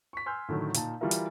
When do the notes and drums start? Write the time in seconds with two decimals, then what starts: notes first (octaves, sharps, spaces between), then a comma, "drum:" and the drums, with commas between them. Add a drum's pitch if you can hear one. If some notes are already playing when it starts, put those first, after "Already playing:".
0.13 C#6 B6
0.26 G#5 C6 E6 F6 G6
0.48 A2 D3 D#3 F#3
0.74 A#2 D#4 A5, drum: hi-hat
1.01 E3 G3 F4 F#4 A#4 E5
1.11 drum: hi-hat